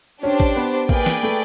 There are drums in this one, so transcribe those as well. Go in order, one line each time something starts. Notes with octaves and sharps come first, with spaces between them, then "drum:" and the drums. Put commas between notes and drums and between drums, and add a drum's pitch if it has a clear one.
C#4 D4 G4 C5
drum: kick A1
B3
A#3 G#4 B4 D5 G5, drum: kick A1
drum: snare
A3